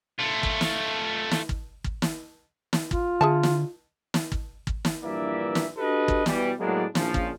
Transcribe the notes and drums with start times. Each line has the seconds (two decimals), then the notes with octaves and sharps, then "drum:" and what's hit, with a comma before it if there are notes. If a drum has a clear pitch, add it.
0.19 A3 F4
0.43 drum: kick
0.61 drum: snare
1.31 drum: snare
1.49 drum: kick
1.84 drum: kick
2.02 drum: snare
2.73 drum: snare
2.91 F4, drum: kick
3.21 D3 G#4 E5 A5
3.43 drum: snare
4.14 drum: snare
4.32 drum: kick
4.67 drum: kick
4.85 drum: snare
5.03 A#1 G2 E3 A#3 D5 E5
5.55 drum: snare
5.78 D4 F#4 G4 A4 B4 D#5
6.08 drum: kick
6.26 B2 E3 G3, drum: snare
6.60 A2 F#3 G#3 A#3 B3 D4
6.95 A#1 C#3 F3, drum: snare
7.14 drum: kick